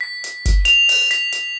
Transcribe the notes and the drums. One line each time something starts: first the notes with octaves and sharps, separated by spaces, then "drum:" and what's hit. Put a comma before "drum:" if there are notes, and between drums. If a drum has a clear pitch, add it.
B6
drum: hi-hat
drum: kick, hi-hat
F7, drum: hi-hat
drum: open hi-hat
B6, drum: hi-hat
drum: hi-hat